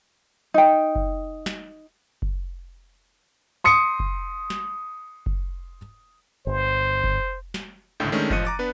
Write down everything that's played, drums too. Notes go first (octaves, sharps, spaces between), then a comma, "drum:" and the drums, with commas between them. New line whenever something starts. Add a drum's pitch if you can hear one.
D#4 G5
drum: kick F#1
drum: snare
drum: kick F#1
C6 D#6 C#7
drum: kick F#1
drum: snare
drum: kick F#1
G1 C5
drum: kick F#1
drum: snare
G#1 C#2 A2 D3 G6
D#3 G#3 A3 C#4 D4
A1 F3 D#5 F#6 C#7 D#7, drum: kick F#1
A#5 D6 A6
B3 D4 B4